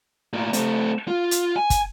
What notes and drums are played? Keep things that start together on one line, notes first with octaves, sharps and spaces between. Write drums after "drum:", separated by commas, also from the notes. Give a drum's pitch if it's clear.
A2 A#3
A3 C4, drum: hi-hat
F4
drum: hi-hat
G#5
drum: kick, hi-hat